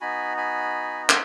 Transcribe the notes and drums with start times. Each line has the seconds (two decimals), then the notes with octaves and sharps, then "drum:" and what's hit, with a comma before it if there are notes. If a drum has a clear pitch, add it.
0.01 B3 D#4 F#4 G#5 B5
0.37 G#5 B5
1.09 drum: clap